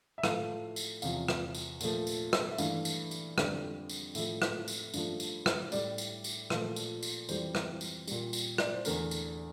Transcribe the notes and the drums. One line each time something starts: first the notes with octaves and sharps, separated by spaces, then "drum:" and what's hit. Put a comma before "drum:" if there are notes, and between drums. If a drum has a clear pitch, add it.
E5
A2 F3 A3 F5, drum: rim click
drum: tambourine
E2 C3 F3 F5, drum: tambourine
drum: rim click
drum: tambourine
A#2 F3 A3, drum: tambourine
drum: tambourine
drum: rim click
E5
G2 E3 A3 F5, drum: tambourine
drum: tambourine
drum: tambourine
F2 D3 G3, drum: rim click
drum: tambourine
A2 F3 A3 E5, drum: tambourine
drum: rim click
drum: tambourine
G2 F3 A3, drum: tambourine
drum: tambourine
drum: rim click
A2 G3 D5, drum: tambourine
drum: tambourine
drum: tambourine
A#2 F3 A3, drum: rim click
drum: tambourine
drum: tambourine
F2 E3 G3 C5, drum: tambourine
drum: rim click
drum: tambourine
A#2 G3, drum: tambourine
drum: tambourine
D5, drum: rim click
C5
E2 D3 A3 A#4, drum: tambourine
drum: tambourine